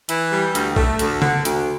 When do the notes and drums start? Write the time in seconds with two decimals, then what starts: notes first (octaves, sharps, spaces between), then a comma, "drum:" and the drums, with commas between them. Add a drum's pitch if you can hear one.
0.09 E3, drum: hi-hat
0.33 G3
0.55 D2, drum: hi-hat
0.76 A3, drum: kick B1
0.99 D2, drum: hi-hat
1.22 D3, drum: tom C#3
1.45 D2, drum: hi-hat